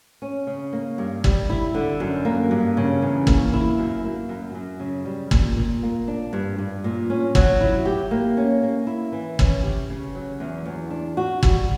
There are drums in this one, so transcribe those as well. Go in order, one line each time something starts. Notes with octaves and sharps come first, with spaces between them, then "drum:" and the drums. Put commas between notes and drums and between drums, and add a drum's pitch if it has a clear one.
C#4
C#3
A#3
G2
G3, drum: kick
E4
D3
F#2
A#3
G2
C#3
E2
A#3, drum: kick
E4
F#2
A#3
F#2
F#2
C#3
G3
A#2, drum: kick
A#2
A#3
D4
G2
G2
A#2
C#4
F#3, drum: kick
E4
G4
A#3
C#4
A#3
E4
E3
C#4, drum: kick
G4
C#3
F#3
E2
E2
D4
F#4
G3, drum: kick